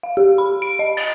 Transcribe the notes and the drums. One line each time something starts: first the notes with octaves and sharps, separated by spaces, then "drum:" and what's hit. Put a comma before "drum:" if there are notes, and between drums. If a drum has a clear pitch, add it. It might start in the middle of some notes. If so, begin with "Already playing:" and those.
F5
G4
B5
D7
D#5
A6, drum: cymbal